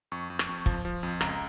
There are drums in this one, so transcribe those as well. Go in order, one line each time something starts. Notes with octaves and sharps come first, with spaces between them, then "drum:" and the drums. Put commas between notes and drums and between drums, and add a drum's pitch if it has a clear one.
F2 C#6
F2
C#6, drum: rim click
F2
F3, drum: kick
F3
F2
C#2 A#5, drum: rim click